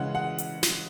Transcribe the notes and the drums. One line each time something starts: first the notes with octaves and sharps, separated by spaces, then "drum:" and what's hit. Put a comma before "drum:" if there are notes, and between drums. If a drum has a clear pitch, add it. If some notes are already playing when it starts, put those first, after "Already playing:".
Already playing: C#3 E3 G#3 F#5
F#5
drum: hi-hat
drum: snare